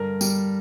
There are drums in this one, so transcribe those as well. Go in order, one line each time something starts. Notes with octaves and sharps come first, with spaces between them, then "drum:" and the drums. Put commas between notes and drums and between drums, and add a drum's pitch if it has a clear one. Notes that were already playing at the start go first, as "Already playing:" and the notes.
Already playing: G2 D3 A#4
G3, drum: tambourine